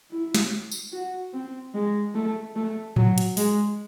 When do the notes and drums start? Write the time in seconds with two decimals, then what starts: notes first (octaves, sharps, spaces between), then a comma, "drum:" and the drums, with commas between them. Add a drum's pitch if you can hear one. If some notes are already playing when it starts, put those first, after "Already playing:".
0.11 E4
0.35 drum: snare
0.71 drum: tambourine
0.93 F#4
1.33 C4
1.74 G#3
2.15 A3
2.56 A3
2.96 F#3, drum: tom A2
3.18 drum: hi-hat
3.37 G#3, drum: open hi-hat